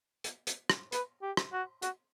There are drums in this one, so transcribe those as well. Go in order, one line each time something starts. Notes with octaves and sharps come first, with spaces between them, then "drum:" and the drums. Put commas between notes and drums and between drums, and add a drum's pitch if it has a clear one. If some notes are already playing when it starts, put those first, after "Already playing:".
drum: hi-hat
drum: hi-hat
drum: rim click
B4, drum: hi-hat
G4
drum: rim click
F#4
F#4, drum: hi-hat